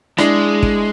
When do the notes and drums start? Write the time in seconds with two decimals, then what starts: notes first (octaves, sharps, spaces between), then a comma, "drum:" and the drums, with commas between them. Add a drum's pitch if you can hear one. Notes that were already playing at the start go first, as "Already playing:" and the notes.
0.18 G#3 D4 E4, drum: rim click
0.63 drum: kick